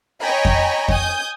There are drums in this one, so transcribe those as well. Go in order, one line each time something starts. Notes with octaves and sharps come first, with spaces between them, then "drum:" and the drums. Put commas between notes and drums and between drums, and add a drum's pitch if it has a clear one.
C#5 D#5 G5 G#5 A#5 B5
drum: kick F2
G#5 D#6 G6, drum: kick F2